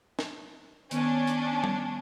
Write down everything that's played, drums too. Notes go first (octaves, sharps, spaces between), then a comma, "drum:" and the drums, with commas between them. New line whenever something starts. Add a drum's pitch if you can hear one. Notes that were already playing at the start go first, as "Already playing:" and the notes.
drum: snare
D#3 B3 C#4 D4, drum: hi-hat
drum: hi-hat
drum: tom G3